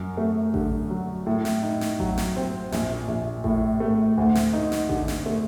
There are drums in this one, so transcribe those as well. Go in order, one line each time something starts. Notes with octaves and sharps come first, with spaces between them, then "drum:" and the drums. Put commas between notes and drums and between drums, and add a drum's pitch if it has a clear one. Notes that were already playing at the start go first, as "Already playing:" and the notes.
Already playing: F#2
A3
D3, drum: kick A1
F#3
A2
drum: snare
D#4
drum: snare
F#3, drum: kick A1
drum: snare
C4
A#1, drum: snare
A#1
A2, drum: kick A1
A3
D2
drum: snare
D#4
drum: snare
D3, drum: kick A1
drum: snare
A3